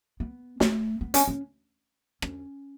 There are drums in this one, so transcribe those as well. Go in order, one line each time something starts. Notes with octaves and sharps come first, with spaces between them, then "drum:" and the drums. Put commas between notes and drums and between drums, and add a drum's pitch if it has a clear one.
B3
A3, drum: snare
B3
C#4, drum: hi-hat
C#4
C#4, drum: rim click